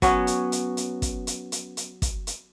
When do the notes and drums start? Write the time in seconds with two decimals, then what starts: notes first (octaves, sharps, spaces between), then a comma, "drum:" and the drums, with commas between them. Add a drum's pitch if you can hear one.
0.02 F#3 B3 C#4, drum: kick, hi-hat
0.27 drum: hi-hat
0.52 drum: hi-hat
0.77 drum: hi-hat
1.02 drum: kick, hi-hat
1.27 drum: hi-hat
1.52 drum: hi-hat
1.77 drum: hi-hat
2.02 drum: kick, hi-hat
2.27 drum: hi-hat